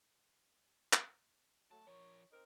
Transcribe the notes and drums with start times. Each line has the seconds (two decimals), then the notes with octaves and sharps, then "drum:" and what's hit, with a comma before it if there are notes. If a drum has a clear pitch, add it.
0.93 drum: clap
1.71 F#3 A3 A5
1.87 F3 A#4 C#5
2.31 C4 D#4 A#4